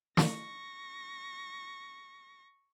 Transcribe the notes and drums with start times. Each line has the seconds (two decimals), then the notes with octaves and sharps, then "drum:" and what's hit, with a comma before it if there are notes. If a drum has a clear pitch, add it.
0.17 C#6 A#6, drum: snare